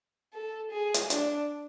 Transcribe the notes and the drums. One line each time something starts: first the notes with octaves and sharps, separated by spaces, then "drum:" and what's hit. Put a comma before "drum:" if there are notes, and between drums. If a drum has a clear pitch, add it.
A4
G#4
drum: hi-hat
D4, drum: hi-hat